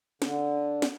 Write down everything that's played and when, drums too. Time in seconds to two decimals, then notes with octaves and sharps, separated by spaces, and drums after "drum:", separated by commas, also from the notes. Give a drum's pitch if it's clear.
0.22 D3, drum: snare
0.82 drum: snare